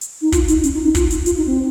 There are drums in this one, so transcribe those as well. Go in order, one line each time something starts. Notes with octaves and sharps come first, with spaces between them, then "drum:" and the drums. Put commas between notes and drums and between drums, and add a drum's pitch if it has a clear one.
drum: hi-hat
D#4
F4, drum: kick, hi-hat
D#4, drum: hi-hat
C#4, drum: hi-hat
D#4
D#4
F4, drum: kick, hi-hat
drum: hi-hat
F4, drum: hi-hat
D#4
C4